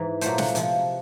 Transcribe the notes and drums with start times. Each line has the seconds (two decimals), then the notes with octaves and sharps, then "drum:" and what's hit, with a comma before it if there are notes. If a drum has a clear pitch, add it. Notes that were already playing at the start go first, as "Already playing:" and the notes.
Already playing: G#2 E3
0.21 A#2 F#3 A3 C5, drum: hi-hat
0.38 F#5, drum: snare
0.55 C3 F3 G#3, drum: hi-hat